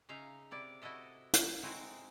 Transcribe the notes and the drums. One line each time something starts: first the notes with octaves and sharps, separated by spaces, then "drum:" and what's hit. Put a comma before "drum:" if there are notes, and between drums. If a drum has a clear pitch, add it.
C#3 D#4 E5 F5 A#5
C3 E4 D5
E4 F#4 A4 D#5 E5
drum: hi-hat
G#3 C4 D#4 E4 F#4